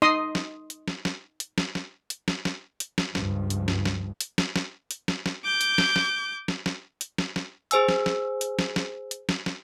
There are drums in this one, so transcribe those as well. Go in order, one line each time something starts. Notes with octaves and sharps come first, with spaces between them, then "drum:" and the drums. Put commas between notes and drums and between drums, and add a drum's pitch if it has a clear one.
D#4 D#5 C6 D#6
drum: snare
drum: hi-hat
drum: snare
drum: snare
drum: hi-hat
drum: snare
drum: snare
drum: hi-hat
drum: snare
drum: snare
drum: hi-hat
drum: snare
C#2 G2 F3, drum: snare
drum: hi-hat
drum: snare
drum: snare
drum: hi-hat
drum: snare
drum: snare
drum: hi-hat
drum: snare
drum: snare
D6 G6
drum: hi-hat
drum: snare
drum: snare
drum: snare
drum: snare
drum: hi-hat
drum: snare
drum: snare
G#4 C5 G#5 E6, drum: hi-hat
drum: snare
drum: snare
drum: hi-hat
drum: snare
drum: snare
drum: hi-hat
drum: snare
drum: snare